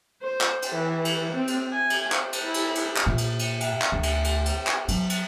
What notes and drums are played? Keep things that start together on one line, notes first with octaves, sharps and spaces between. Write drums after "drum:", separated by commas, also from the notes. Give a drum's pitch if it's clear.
C5
drum: clap
drum: cymbal
E3
drum: cymbal
C4
drum: cymbal
G#5
drum: cymbal
C5, drum: clap
drum: cymbal
E4
drum: cymbal
drum: cymbal
drum: clap
A#2
drum: cymbal
drum: cymbal
drum: cymbal
drum: clap
D2
drum: cymbal
drum: cymbal
drum: cymbal
drum: clap
F#3, drum: cymbal
drum: cymbal